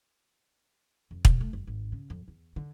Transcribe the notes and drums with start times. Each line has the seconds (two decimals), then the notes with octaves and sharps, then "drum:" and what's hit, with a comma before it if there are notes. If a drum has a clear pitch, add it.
1.11 F2
1.25 B2, drum: kick
1.41 A3
1.53 F#1
1.67 G#1
1.92 C#3
2.10 F2
2.28 E2
2.56 D3